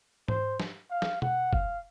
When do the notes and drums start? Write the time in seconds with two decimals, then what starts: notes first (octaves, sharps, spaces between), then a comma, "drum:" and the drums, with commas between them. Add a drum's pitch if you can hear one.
0.28 C5, drum: tom G#2
0.60 drum: snare
0.90 F5
1.02 drum: snare
1.22 F#5, drum: tom B2
1.53 F5, drum: kick F#1